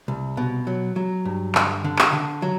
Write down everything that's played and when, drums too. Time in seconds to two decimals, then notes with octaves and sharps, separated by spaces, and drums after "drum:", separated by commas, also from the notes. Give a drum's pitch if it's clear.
0.08 C2
0.37 B2
0.67 F#3
0.96 F#3
1.25 G2
1.55 D3, drum: clap
1.84 D3
1.99 drum: clap
2.13 D3
2.42 F#3